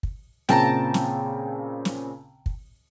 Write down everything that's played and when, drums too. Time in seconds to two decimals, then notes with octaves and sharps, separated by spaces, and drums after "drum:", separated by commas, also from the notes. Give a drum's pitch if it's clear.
0.03 drum: kick
0.49 A#2 C#3 C4 G5 A5 A#5, drum: snare
0.94 drum: snare
1.85 drum: snare
2.46 drum: kick